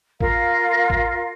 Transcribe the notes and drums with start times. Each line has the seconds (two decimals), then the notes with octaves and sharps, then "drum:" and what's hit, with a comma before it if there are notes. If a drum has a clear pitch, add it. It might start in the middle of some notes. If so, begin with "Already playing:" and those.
0.21 F4 A#4 F5, drum: kick A1
0.90 drum: kick A1